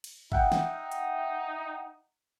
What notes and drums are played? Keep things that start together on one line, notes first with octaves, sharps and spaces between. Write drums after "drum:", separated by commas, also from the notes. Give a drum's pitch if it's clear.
drum: cymbal
D#4 E5 F#5 G5, drum: kick G#1
drum: snare
drum: hi-hat